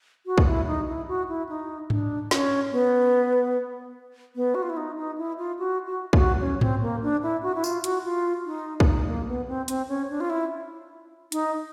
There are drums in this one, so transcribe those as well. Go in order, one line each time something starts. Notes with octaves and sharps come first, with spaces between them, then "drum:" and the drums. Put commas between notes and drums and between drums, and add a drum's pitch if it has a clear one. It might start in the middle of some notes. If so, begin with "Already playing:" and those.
F#4
drum: kick
E4
D#4
E4
F#4
E4
D#4
D4, drum: tom G#2
C#4, drum: snare
B3
B3
F#4
F4
E4
D#4
D#4
E4
F4
F#4
F#4
F#4, drum: kick
C#4
C4, drum: tom G#2
A#3
D4
E4
F#4
E4
F4, drum: tambourine
F#4, drum: hi-hat
F4
D#4
D4, drum: kick
D#4
A#3
B3
C4
C4, drum: hi-hat
C#4
D4
F4
E4
D#4, drum: hi-hat